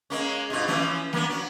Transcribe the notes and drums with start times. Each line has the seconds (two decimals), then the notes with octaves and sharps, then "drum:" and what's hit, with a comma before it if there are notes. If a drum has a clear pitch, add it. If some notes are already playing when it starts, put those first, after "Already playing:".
0.10 G#3 A#3 C#4
0.50 G2 B2 F4
0.68 E3 F3 C#4, drum: snare
1.13 A#3 B3 D4, drum: snare
1.30 F#3